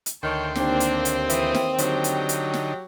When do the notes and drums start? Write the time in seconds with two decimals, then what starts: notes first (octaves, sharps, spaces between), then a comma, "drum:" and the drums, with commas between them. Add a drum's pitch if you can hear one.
0.06 drum: hi-hat
0.23 D2 D#3 C#5 G5 A5 C6
0.55 D#2 A#3 C4 D4, drum: snare
0.80 drum: hi-hat
1.05 drum: hi-hat
1.30 E3 D#6, drum: hi-hat
1.54 drum: snare
1.78 D3 F#3 D#4 G4 G5, drum: hi-hat
2.04 drum: hi-hat
2.29 drum: hi-hat
2.54 drum: snare